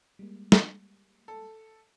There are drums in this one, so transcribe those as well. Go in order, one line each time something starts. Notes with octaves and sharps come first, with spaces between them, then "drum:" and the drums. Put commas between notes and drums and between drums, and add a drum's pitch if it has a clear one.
G3 G#3 A#3
drum: snare
A4